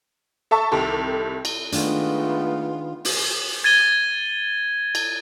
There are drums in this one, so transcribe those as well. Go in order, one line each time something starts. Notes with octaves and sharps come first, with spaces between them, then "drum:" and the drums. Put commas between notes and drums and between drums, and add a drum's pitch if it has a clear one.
A4 E5 A5 C#6
C2 D#3 G4 A4
drum: cymbal
D#3 G#3 A3 B3 D4 F4, drum: hi-hat
drum: open hi-hat
G#6 A6 D#7 G7
drum: cymbal